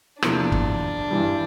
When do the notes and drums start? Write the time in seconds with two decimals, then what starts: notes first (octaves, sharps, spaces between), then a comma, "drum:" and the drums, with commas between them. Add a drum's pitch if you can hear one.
0.22 E2 C3 F3 A#3 D4, drum: rim click
0.52 drum: kick
1.11 G2 E3 G3